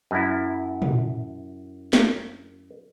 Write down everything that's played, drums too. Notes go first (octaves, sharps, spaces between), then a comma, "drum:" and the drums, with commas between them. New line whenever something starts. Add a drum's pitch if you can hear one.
F#2 E4
drum: tom
drum: snare